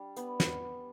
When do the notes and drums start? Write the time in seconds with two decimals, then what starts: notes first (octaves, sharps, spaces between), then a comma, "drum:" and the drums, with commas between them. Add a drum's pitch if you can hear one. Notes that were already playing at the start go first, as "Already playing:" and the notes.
Already playing: G3 D4
0.16 B3, drum: hi-hat
0.40 drum: snare